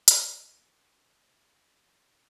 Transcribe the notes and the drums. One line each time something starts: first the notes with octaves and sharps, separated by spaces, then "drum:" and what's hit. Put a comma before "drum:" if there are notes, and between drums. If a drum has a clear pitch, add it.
drum: hi-hat
A6
A#6
B6
E4 A4 C#5 E5 C7
E4 A4 C#5 E5
E4 A4 C#5 E5 C7
A6
A#6
E4 A4 C#5 E5 A#6
E4 A4 D5